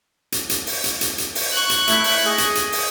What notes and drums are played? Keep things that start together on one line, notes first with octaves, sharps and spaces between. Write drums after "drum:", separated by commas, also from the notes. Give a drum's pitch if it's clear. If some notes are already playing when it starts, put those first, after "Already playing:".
drum: hi-hat
drum: hi-hat
drum: open hi-hat
drum: hi-hat
drum: hi-hat
drum: hi-hat
drum: open hi-hat
C#6 F#6
drum: hi-hat
A3 E4, drum: hi-hat
drum: open hi-hat
G#4 D#5
drum: hi-hat
drum: hi-hat
drum: open hi-hat